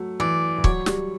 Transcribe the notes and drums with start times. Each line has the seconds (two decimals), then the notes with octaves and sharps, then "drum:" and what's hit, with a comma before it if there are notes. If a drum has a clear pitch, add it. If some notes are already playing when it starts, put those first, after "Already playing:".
Already playing: F#3 A3
0.20 E3 D5
0.58 E3
0.64 F#3 C#5, drum: kick C#1
0.86 G3, drum: snare